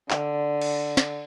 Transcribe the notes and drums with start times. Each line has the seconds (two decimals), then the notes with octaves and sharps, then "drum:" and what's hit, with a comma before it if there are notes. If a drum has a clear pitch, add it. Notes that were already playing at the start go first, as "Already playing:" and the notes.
0.11 D3, drum: clap
0.61 drum: cymbal
0.97 drum: snare